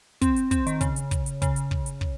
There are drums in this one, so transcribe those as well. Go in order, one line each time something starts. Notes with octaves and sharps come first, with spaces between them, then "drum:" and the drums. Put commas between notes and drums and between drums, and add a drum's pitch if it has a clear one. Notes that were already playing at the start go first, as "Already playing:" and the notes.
C4, drum: kick, hi-hat
drum: hi-hat
C4, drum: kick, hi-hat
D#3, drum: hi-hat
C#3, drum: kick, hi-hat
drum: hi-hat
drum: kick, hi-hat
drum: hi-hat
C#3, drum: kick, hi-hat
drum: hi-hat
drum: kick
drum: hi-hat
drum: kick